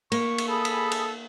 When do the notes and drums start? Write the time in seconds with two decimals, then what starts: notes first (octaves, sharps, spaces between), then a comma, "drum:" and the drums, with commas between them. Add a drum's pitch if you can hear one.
0.12 A#3 C#6, drum: cymbal
0.38 drum: cymbal
0.48 G#4 A4 B5 D#6
0.65 drum: cymbal
0.91 drum: cymbal